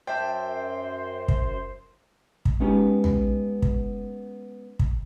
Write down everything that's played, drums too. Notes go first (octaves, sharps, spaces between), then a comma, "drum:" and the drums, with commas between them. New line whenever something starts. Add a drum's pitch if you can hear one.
F#2 C5 D5 E5 G5 A5
drum: kick
drum: kick
G#3 B3 C#4 D#4 G4
drum: tom
drum: kick
drum: kick